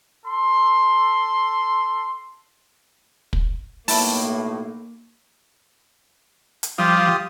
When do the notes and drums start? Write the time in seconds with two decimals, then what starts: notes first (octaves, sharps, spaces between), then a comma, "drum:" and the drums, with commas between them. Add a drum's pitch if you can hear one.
0.24 A4 C6
3.33 drum: kick
3.88 B1 A2 A#3 E4 A5 B5, drum: open hi-hat
6.63 drum: hi-hat
6.78 F3 G3 F4 G4 D#6